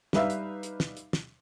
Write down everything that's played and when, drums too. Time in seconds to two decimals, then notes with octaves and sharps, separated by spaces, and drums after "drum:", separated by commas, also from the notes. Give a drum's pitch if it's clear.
0.13 G3 D#4 B4 E5 F5, drum: snare
0.30 drum: hi-hat
0.63 drum: hi-hat
0.80 drum: snare
0.97 drum: hi-hat
1.13 drum: snare